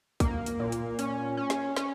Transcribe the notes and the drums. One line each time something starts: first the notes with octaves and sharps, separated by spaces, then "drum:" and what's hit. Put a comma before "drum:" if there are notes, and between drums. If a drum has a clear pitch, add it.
A#3, drum: kick, hi-hat
drum: hi-hat
A#2
drum: hi-hat
C#4, drum: hi-hat
C#4
drum: snare
C#4, drum: snare